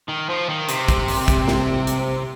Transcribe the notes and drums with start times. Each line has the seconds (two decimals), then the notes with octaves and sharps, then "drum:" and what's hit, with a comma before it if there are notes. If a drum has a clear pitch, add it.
0.09 D#3
0.30 F3
0.49 D#3
0.69 C3, drum: hi-hat
0.88 drum: kick, hi-hat
1.08 drum: open hi-hat
1.28 drum: kick, hi-hat
1.48 drum: snare
1.87 drum: hi-hat